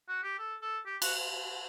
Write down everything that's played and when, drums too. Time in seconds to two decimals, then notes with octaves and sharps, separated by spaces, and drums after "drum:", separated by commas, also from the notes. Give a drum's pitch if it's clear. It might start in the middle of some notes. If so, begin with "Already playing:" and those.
0.08 F#4
0.24 G4
0.39 A4
0.62 A4
0.86 G4
1.02 F#4, drum: cymbal